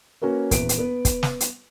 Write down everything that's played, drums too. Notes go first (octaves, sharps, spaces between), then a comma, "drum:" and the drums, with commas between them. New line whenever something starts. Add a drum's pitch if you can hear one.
A#3 C#4 F#4 A#4 B4
D#1 E2 B4 D7, drum: kick, hi-hat
drum: hi-hat
B3 B4
drum: kick, hi-hat
drum: snare
drum: hi-hat